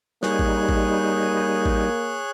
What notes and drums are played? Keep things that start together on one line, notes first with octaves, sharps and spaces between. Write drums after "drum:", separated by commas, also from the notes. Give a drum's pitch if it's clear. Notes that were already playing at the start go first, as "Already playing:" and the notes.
G3 A#3 D#4 G#4 C#5 F#6, drum: snare
drum: kick A1
drum: kick A1
drum: kick A1